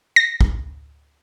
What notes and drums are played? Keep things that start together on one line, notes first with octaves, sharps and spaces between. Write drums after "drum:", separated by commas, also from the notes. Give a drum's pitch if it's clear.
A#6
drum: kick